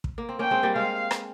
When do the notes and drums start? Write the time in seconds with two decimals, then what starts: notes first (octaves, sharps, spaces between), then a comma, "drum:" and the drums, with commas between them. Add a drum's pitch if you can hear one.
0.04 drum: kick
0.18 A#3
0.29 C4
0.39 A#3 C#4 G5
0.51 G#3 C4
0.63 G3 A#3
0.75 G#3 C4 F5
1.11 drum: rim click